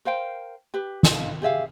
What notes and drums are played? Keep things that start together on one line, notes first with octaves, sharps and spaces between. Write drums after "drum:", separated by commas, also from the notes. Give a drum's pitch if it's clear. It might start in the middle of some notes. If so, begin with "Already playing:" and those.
A#4 C5 F5 G5
G4 B4
D#4 F5, drum: snare
G4 G#4 E5 F5